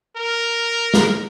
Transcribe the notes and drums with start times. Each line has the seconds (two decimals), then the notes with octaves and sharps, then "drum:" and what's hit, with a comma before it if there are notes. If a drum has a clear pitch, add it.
0.16 A#4
0.94 drum: snare